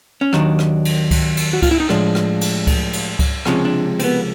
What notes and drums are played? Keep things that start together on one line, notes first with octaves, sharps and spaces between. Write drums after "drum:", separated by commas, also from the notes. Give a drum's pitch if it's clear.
C#4
D#2 D#3 F#3 D4, drum: rim click
drum: rim click
drum: cymbal
drum: kick C#2, cymbal
drum: cymbal
F#4
F4, drum: kick C#2, cymbal
E4
D#4
A2 F3 G#3 D4, drum: rim click
drum: rim click
drum: cymbal
drum: kick C#2, cymbal
drum: cymbal
drum: kick C#2, cymbal
C#2 C3 F3 G#3 C#4, drum: rim click
D4
C4, drum: cymbal
B3